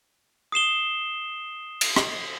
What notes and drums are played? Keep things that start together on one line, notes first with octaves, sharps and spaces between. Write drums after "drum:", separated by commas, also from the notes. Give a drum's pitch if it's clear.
D#6 C7 E7 G7
drum: cymbal
drum: rim click